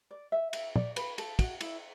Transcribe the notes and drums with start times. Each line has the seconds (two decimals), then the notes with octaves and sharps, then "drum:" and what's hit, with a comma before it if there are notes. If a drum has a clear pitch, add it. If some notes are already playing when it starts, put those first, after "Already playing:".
0.11 D5
0.32 E5
0.53 E5, drum: cymbal
0.76 D5, drum: tom
0.96 B4, drum: cymbal
1.18 A4, drum: cymbal
1.39 F#4, drum: kick, cymbal
1.61 E4, drum: cymbal